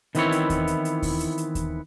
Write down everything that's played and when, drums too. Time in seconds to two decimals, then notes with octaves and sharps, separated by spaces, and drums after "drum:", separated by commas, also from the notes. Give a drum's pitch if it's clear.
0.15 D#3 E3 B3 C4 E4 C#5, drum: hi-hat
0.32 drum: hi-hat
0.50 drum: kick D#2, hi-hat
0.67 drum: hi-hat
0.85 drum: hi-hat
1.02 drum: kick D#2, open hi-hat
1.20 drum: hi-hat
1.38 drum: hi-hat
1.55 drum: kick D#2, hi-hat